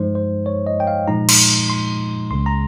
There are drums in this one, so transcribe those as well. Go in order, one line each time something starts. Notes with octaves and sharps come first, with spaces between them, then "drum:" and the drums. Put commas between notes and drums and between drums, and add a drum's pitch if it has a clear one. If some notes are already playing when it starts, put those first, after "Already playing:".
Already playing: G2 F3 G#3 D#4 C5
C5
C#5
D#5
G5
F5
A#2 F3 G#3 D#4 A#5
C6, drum: cymbal
C6
C#2 C#3 G#3 C6
A#5